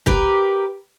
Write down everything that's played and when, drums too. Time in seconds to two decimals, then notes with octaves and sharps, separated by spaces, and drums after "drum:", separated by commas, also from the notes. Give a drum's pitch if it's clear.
0.06 G4 A#4 B4, drum: kick C2